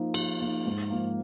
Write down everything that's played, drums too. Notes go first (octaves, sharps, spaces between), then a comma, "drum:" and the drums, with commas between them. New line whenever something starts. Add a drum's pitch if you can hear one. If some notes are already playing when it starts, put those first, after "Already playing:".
Already playing: F3 A#3 D#4
F3, drum: cymbal
A#3 D#4
G#2
F3 A#3